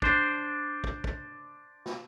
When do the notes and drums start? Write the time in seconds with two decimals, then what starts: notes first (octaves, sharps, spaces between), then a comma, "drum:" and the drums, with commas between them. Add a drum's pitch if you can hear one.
0.02 D4 C5, drum: kick
0.84 drum: kick
1.04 drum: kick
1.86 drum: snare